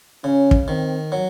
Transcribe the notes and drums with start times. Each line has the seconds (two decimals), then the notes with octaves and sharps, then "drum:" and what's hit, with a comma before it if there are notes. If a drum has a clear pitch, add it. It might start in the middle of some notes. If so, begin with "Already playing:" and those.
0.24 C#3 C#4
0.51 drum: kick
0.68 D#3 C4
1.12 F#3